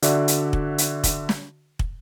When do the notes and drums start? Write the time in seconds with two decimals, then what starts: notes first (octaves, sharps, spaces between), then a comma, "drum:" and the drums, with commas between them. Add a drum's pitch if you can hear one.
0.02 D3 F#4 D5 E5, drum: hi-hat
0.28 drum: hi-hat
0.53 drum: kick
0.78 drum: hi-hat
1.04 drum: kick, hi-hat
1.29 drum: snare
1.79 drum: kick